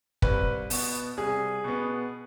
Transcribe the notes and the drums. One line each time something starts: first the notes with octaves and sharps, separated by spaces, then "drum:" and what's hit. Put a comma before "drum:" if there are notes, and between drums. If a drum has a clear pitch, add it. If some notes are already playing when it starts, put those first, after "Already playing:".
C2 B4, drum: kick
B2 B3, drum: open hi-hat
C2 G#4
B2 B3